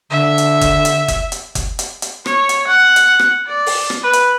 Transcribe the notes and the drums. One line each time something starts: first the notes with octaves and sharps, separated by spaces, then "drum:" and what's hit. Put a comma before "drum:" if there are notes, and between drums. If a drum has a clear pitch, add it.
D3 E5
drum: hi-hat
drum: kick F#1, hi-hat
drum: hi-hat
drum: kick F#1, hi-hat
drum: hi-hat
drum: kick F#1, hi-hat
drum: hi-hat
drum: hi-hat
C#5, drum: rim click
drum: hi-hat
F#5
drum: hi-hat
drum: rim click
D5
drum: open hi-hat
drum: rim click
B4
drum: hi-hat